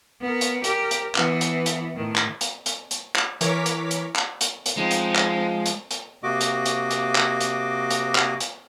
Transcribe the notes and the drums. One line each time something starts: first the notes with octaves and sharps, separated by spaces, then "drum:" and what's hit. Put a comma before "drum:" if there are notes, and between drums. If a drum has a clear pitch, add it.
B3 A#4
drum: hi-hat
G4 A#4, drum: hi-hat
drum: hi-hat
E3 B3, drum: clap
drum: hi-hat
drum: hi-hat
A2 D#3
drum: clap
drum: hi-hat
drum: hi-hat
drum: hi-hat
drum: clap
E3 A#4 C#5 D6 B6, drum: hi-hat
drum: hi-hat
drum: hi-hat
drum: clap
drum: hi-hat
drum: hi-hat
F3 G#3 C4 D#4
drum: hi-hat
drum: clap
drum: hi-hat
drum: hi-hat
C3 A#3 F#4 D#5 D6
drum: hi-hat
drum: hi-hat
drum: hi-hat
drum: clap
drum: hi-hat
drum: hi-hat
drum: clap
drum: hi-hat